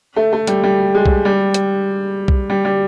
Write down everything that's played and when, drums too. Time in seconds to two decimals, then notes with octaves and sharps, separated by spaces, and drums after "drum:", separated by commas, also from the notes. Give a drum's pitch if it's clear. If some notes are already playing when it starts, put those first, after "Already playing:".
0.16 A3
0.33 A3
0.47 G3, drum: hi-hat
0.63 G3
0.95 G#3
1.06 drum: kick B1
1.25 G3
1.54 drum: hi-hat
2.28 drum: kick B1
2.50 G3
2.65 G3